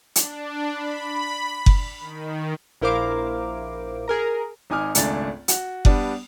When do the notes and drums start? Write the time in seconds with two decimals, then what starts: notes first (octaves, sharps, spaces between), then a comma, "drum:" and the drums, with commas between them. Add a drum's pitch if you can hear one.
0.16 D4, drum: hi-hat
0.73 B5
1.66 drum: kick F#1
2.00 D#3
2.81 A#1 E4 A#4 C5 F5 D6
4.08 G#4 A#4 A#5
4.70 G#1 D#4 G#5 D6 F6
4.95 G#1 C#2 A3 D4 G#5 A6, drum: hi-hat
5.48 F#4, drum: hi-hat
5.85 G3 B3 D4, drum: kick F#1